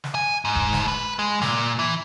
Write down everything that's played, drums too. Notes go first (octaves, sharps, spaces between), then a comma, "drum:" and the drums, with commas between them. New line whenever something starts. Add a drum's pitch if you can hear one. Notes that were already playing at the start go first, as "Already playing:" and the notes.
drum: snare
G#5
G#2
drum: kick E1
drum: snare
B4
G#3
A#2, drum: snare
E3